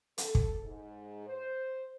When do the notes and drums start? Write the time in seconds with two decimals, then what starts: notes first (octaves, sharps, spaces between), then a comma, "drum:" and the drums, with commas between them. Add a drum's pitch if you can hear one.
0.18 A4, drum: hi-hat
0.35 drum: kick
0.62 G#2
1.26 C5